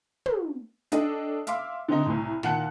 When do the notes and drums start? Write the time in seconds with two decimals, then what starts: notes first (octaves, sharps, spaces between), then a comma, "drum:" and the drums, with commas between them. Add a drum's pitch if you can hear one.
0.26 drum: tom
0.92 D4 A4 D#5 G5, drum: hi-hat
1.47 E5 F5 C6 D6, drum: hi-hat
1.88 D3 C4 D#4
2.06 C2 A2
2.43 A#2 D#3 F#5 A5 F#6 C#7, drum: snare